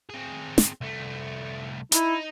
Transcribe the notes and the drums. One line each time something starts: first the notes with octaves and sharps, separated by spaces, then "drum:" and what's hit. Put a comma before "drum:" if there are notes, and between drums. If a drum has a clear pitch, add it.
C4 G#4
drum: snare
C2 A3
D#4 E4, drum: hi-hat